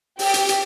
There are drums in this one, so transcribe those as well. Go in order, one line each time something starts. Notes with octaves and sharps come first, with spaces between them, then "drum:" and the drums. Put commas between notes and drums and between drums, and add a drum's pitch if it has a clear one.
G4, drum: open hi-hat
drum: hi-hat
drum: hi-hat